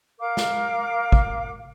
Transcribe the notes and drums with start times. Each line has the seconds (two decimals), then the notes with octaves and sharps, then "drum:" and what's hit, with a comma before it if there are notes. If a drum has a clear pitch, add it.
0.18 A#4 F5 D6
0.37 drum: snare
1.12 drum: kick